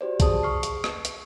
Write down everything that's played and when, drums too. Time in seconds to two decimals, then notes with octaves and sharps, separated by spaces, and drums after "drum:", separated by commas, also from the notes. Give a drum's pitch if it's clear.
0.01 F#4 G4 C5 D5
0.20 G#4 A5 D#6, drum: kick B1, hi-hat
0.43 C#6 F6 C7
0.63 drum: hi-hat
0.84 drum: rim click
1.05 drum: hi-hat